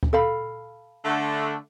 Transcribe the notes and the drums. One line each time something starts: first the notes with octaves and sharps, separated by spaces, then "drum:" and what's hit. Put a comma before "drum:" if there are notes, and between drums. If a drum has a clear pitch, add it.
drum: kick D2
A4 F5 B5
D3 A3 D4